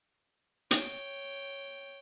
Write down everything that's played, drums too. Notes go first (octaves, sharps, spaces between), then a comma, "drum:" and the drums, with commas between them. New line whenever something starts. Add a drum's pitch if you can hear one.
C#5 G5, drum: hi-hat